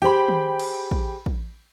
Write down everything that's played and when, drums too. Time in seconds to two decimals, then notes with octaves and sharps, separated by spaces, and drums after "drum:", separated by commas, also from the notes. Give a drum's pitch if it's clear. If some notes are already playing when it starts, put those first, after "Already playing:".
0.02 G4 G#4 C5 G5 B5
0.28 drum: tom D#3
0.59 drum: cymbal
0.91 drum: kick
1.26 drum: kick